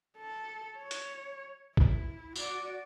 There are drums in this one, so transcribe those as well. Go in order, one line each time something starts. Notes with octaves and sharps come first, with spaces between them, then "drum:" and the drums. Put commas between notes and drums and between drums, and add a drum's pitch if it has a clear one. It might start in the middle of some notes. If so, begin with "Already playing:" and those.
A4
C#5
drum: hi-hat
E4, drum: kick
F#4 D5, drum: tambourine